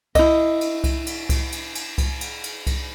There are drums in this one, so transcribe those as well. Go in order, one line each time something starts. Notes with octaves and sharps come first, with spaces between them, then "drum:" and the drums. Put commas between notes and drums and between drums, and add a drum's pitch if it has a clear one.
E4 D#5, drum: kick C2, cymbal
drum: cymbal
drum: kick C2, cymbal
drum: cymbal
drum: kick C2, cymbal
drum: cymbal
drum: cymbal
drum: kick C2, cymbal
drum: cymbal
drum: cymbal
drum: kick C2, cymbal